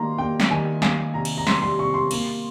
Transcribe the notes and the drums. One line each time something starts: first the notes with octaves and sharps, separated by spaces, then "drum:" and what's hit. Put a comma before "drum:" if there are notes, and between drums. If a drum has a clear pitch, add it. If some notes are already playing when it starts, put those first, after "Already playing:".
Already playing: D#3 A#3 A#5 C6
A#3 G5
drum: snare
D#3 G#5
A#3 G#5, drum: snare
C3 A#5
drum: cymbal
A#5
G3 C6, drum: snare
C6
C3 C#6
C6
A#3, drum: cymbal